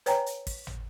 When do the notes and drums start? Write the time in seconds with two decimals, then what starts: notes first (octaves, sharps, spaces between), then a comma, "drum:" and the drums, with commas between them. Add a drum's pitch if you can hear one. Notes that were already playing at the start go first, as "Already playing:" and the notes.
0.06 B4 C#5 G5 G#5 A#5, drum: hi-hat
0.26 drum: hi-hat
0.47 drum: kick, open hi-hat
0.67 drum: tom